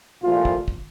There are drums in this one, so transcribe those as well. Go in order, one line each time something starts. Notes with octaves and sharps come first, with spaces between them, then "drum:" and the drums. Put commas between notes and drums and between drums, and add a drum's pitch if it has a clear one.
C2 A#2 F3 A3 F4
drum: kick
drum: kick